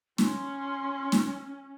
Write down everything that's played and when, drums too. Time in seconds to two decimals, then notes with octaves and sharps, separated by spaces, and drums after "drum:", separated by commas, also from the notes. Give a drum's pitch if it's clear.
0.18 C#4 C6, drum: snare
1.12 drum: snare